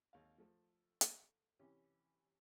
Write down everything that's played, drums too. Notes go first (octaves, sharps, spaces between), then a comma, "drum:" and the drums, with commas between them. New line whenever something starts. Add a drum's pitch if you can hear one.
G#1 D#2 C#5 F5
F3 A3 A4
drum: hi-hat
C3 E3 C#4 G4